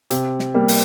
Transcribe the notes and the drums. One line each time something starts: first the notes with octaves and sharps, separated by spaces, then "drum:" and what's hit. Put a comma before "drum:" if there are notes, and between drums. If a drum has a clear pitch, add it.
C3, drum: hi-hat
drum: snare
G3 A#3
drum: open hi-hat